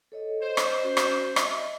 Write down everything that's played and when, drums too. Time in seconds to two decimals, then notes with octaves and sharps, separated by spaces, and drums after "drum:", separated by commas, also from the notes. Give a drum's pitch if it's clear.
0.12 A4 C#5 D#5
0.43 C5 D#5
0.57 drum: rim click
0.83 C#4 F#4
0.97 drum: rim click
1.36 D#5 E5, drum: rim click